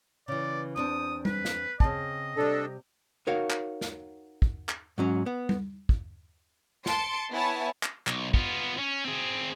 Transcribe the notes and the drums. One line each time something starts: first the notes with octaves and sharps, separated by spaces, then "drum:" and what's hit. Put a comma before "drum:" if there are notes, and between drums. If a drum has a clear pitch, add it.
C#3 E3 D5
E2 C4 D4 D#6
B4, drum: tom G3
drum: snare
C#3 C4 D#5 A5, drum: kick
C3 G3 D4 A4
D#4 F#4 A#4 C#5 F5
drum: clap
drum: snare
drum: kick
drum: clap
G#2 F#3 C#4
B3
drum: tom G3
drum: kick
A5 C6 C#7 D7, drum: snare
B3 E4 C#5 G#5 A5
drum: clap
B1, drum: clap
B3 F4, drum: kick
C#4
C4 G#4